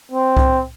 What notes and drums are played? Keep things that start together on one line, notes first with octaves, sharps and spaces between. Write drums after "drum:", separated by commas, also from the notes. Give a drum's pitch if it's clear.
C4
drum: kick C2